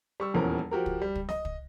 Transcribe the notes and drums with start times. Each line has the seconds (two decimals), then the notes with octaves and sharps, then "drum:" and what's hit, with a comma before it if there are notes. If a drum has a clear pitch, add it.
0.20 G3 C#6 E6
0.34 D#1 E2 F3 C#4 A#4
0.71 F3 F#4 G4 A#4
0.86 drum: kick
1.02 G3
1.16 drum: kick
1.29 D#5, drum: snare
1.45 drum: kick